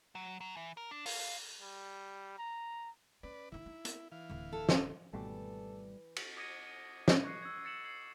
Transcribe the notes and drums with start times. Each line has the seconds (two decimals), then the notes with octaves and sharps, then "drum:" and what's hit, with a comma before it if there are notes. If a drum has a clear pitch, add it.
0.15 F#3
0.41 F#3
0.57 E3
0.77 A#4
0.91 D4
1.06 F5, drum: open hi-hat
1.61 G3
2.38 A#5
3.23 C#4 B4 D5
3.52 D#3 D#4 E4
3.66 D#4
3.85 drum: hi-hat
4.12 E3 F5
4.29 D1 D3
4.52 A4
4.69 drum: snare
5.13 G#1 B2 E3 G3 A3 A4 D6
6.16 drum: cymbal
6.37 D6 D#6 G#6 A#6 C#7 D#7
6.67 D#7
7.08 drum: snare
7.24 C#6 F#6 G#6 C7 C#7
7.42 E6 G#6
7.65 A6 C#7 E7 F#7
7.85 G#6 C7 C#7 F#7